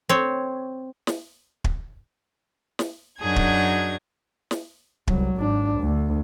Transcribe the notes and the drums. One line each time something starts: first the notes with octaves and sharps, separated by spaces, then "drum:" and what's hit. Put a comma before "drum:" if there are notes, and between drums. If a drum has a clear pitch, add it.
C4 C#5
drum: snare
drum: kick
drum: snare
F#2 F#3 D4 D#4 G#4 G#6
drum: kick
drum: snare
C2 F#3, drum: kick
G#1 D4
D2